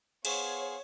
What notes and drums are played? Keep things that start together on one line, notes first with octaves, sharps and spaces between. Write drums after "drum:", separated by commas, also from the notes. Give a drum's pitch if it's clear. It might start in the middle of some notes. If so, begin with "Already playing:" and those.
B3 G#4 C5 C#5 F5, drum: cymbal